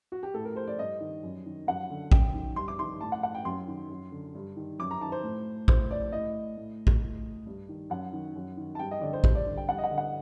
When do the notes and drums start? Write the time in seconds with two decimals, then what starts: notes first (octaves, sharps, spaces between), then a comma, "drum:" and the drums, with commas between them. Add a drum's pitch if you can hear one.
0.12 F#4
0.23 G4
0.34 A2 A4
0.45 A#4
0.56 C5
0.67 D5
0.79 G2 D#5
1.01 D#3
1.23 F#2
1.46 D#3
1.67 F#2 F#5
1.90 D3
2.12 F#2 G5, drum: kick A1
2.34 D#3
2.56 G2 C6
2.68 D6
2.79 D#3 C6
3.01 A2 A5
3.12 F#5
3.23 F#5
3.35 G5
3.45 F#2 C6
3.67 D#3
3.90 F#2
4.12 D3
4.35 G2
4.57 D#3
4.79 F#2 D6
4.91 A#5
5.01 D#3 A5
5.12 C5
5.24 A2
5.68 A2 C5, drum: kick A1
5.91 D5
6.12 A2 D#5
6.57 A2
6.87 drum: kick A1
7.02 A2
7.46 G2
7.69 D#3
7.90 F#2 F#5
8.13 D#3
8.35 F#2
8.57 D#3
8.75 A5
8.79 G2 G5
8.91 D#5
9.01 D3 D5
9.13 C5
9.24 G2 C5, drum: kick A1
9.35 D5
9.46 D3
9.57 G5
9.68 G2 F#5
9.78 D#5
9.84 F#5
9.91 D3
9.98 F#5